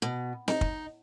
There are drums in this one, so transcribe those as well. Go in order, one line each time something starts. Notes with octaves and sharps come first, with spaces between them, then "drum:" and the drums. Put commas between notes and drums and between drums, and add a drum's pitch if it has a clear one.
B2
D#4, drum: snare C4
drum: kick